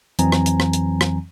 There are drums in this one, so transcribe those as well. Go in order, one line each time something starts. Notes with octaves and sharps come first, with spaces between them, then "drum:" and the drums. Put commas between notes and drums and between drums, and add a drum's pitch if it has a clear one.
F2 E3 F#3 C4 G#5 A#5, drum: hi-hat
drum: rim click
drum: hi-hat
drum: rim click
drum: hi-hat
drum: rim click